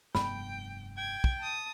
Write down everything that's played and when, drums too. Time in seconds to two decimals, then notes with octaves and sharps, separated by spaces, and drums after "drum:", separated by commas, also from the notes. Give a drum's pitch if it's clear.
0.15 F1 G2 B3 G5 B5, drum: snare
0.98 G5 G#6
1.24 drum: kick
1.40 A5 D#6